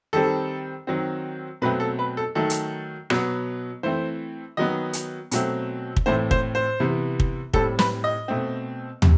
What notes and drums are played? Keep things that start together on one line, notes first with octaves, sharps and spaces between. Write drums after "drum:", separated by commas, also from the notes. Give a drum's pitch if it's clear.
D#3 G3 C4 A4
D#3 F#3 C4
B2 F#3 A3 C4 B4
A4
B4
A4
D#3 F#3 A3 A4
drum: hi-hat
B2 F#3 B3, drum: rim click
E3 A3 C4 C5
D#3 F#3 B3 D#5
drum: hi-hat
B2 F#3 A3 C4, drum: hi-hat
drum: kick
A2 E3 A3 C4 C5
C5, drum: kick
C5
C3 E3 B3
drum: kick
A2 G3 C4 A4, drum: kick
B4, drum: snare
D#5
B2 A3 C4
C3, drum: tom